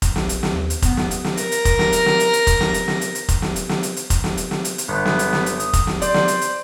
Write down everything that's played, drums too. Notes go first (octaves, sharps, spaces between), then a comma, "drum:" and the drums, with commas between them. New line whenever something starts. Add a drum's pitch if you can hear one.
A#1, drum: kick F1, hi-hat
drum: snare
drum: hi-hat
drum: snare
D#2
drum: hi-hat
D2 B3, drum: kick F1, hi-hat
drum: snare
drum: hi-hat
drum: snare
A#4 A#6, drum: hi-hat
drum: hi-hat
drum: kick F1, hi-hat
drum: snare
drum: hi-hat
drum: snare
drum: hi-hat
drum: hi-hat
drum: kick F1, hi-hat
drum: snare
drum: hi-hat
drum: snare
drum: hi-hat
drum: hi-hat
drum: kick F1, hi-hat
drum: snare
drum: hi-hat
drum: snare
drum: hi-hat
drum: hi-hat
drum: kick F1, hi-hat
drum: snare
drum: hi-hat
drum: snare
drum: hi-hat
drum: hi-hat
G1 B3
drum: snare
drum: hi-hat
drum: snare
drum: hi-hat
D#6, drum: hi-hat
drum: kick F1, hi-hat
drum: snare
C5 D5, drum: hi-hat
drum: snare
drum: hi-hat
drum: hi-hat